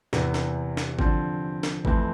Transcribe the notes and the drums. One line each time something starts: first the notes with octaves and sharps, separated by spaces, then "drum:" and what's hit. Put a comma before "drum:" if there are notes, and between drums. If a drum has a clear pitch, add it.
E2 C3 E3, drum: snare
drum: snare
drum: snare
D3 F3 C4, drum: kick G#1
drum: snare
F2 E3 A3 C4, drum: kick G#1